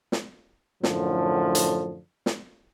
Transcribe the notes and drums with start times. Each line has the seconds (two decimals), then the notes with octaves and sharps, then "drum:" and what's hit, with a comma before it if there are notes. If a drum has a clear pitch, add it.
0.12 drum: snare
0.83 F#2 A2 D3 F3, drum: snare
1.55 drum: hi-hat
2.26 drum: snare